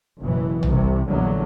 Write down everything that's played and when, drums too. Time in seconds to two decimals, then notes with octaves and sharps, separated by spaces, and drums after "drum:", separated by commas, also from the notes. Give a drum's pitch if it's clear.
0.20 F#1 B2 E3
0.63 C2 C3, drum: tom
1.08 A#1 E2 D3 F#3